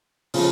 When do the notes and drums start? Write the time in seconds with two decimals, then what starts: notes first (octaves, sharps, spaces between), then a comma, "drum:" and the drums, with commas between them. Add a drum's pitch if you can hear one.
0.34 C#3 F3, drum: open hi-hat